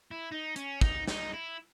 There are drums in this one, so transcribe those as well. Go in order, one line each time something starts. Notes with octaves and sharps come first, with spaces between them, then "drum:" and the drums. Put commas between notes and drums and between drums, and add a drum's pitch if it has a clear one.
E4
D#4
C#4, drum: hi-hat
D#4, drum: kick
D#4, drum: snare
E4